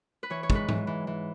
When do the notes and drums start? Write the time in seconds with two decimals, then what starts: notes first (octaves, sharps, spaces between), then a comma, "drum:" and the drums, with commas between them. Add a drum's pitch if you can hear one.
0.23 B4
0.30 E3 C#5
0.43 C#5
0.50 G#2, drum: kick
0.55 B4
0.69 E3, drum: tom G#2
0.87 E3
1.07 E3